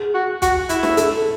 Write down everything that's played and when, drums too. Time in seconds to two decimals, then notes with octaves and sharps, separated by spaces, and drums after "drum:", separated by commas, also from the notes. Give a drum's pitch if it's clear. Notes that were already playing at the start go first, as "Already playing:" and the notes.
Already playing: G#4
0.14 F#4
0.42 F#4, drum: kick, hi-hat
0.69 E4, drum: hi-hat
0.83 drum: snare
0.97 A4, drum: hi-hat